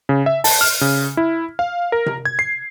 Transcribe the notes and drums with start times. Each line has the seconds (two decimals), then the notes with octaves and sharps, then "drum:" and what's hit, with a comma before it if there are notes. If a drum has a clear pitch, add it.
0.09 C#3
0.26 E5
0.44 A5, drum: open hi-hat
0.61 F6
0.81 C#3
1.17 E4
1.59 F5
1.92 A#4
2.06 drum: tom C3
2.25 G#6
2.39 C7